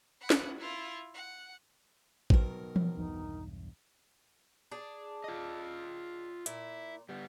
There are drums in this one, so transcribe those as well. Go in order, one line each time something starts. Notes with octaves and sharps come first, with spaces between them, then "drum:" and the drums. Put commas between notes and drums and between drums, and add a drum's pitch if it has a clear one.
F#5 B5
drum: snare
E4 F4
F#5
B2 D#3 F#3 A#4 C5, drum: kick
drum: tom E3
B1 E2 G2 D#4
D4 G#4
F4 D#5
A#2 E4, drum: hi-hat
G3 B3